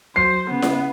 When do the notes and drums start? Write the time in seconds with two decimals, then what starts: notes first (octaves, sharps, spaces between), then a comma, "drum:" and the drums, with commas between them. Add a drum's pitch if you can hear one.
0.16 F#3 C5 C7
0.51 C#3 B3
0.62 drum: snare E4